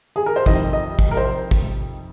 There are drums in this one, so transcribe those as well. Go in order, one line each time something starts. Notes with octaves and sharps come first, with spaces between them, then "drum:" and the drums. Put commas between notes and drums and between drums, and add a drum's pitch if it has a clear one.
G#4
A#4
C5
F2 C3 D#3 D#5, drum: kick
D#5
drum: kick
A#4
C5
drum: kick